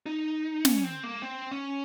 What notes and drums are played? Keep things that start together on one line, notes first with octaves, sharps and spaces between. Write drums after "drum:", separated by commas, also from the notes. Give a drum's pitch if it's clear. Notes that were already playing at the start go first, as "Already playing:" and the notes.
D#4
C#4, drum: snare
C4
A#3
C4
C#4